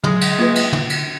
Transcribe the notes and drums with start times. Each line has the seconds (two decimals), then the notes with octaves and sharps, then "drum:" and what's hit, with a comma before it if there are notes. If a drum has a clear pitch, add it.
0.04 F#3 G#3, drum: tom
0.21 drum: cymbal
0.39 A#3 F4 B4
0.55 drum: cymbal
0.72 drum: tom
0.90 drum: cymbal